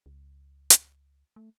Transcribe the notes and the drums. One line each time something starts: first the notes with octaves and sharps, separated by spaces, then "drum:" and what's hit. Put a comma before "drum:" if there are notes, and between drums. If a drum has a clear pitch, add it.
C#2
drum: hi-hat
A3